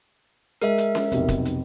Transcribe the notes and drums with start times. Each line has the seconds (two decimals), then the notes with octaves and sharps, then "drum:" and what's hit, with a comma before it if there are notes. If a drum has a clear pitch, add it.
0.62 G#3 A#4 E5, drum: hi-hat
0.78 drum: hi-hat
0.95 drum: snare C#4
1.12 F1 B1, drum: hi-hat
1.29 drum: kick, hi-hat
1.45 drum: hi-hat